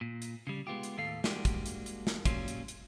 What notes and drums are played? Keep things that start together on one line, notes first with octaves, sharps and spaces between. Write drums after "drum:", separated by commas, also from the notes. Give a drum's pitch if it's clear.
A#2
drum: hi-hat
C#3 G3
G#3 B3 F4 G4
drum: hi-hat
D#2 A2 A4 F5
G3 G#3 A#3 D4 F#4 G4, drum: snare
drum: kick, hi-hat
drum: hi-hat
drum: hi-hat
drum: snare
A#2 F#3 G3 C#4 F4, drum: kick, hi-hat
drum: hi-hat
drum: hi-hat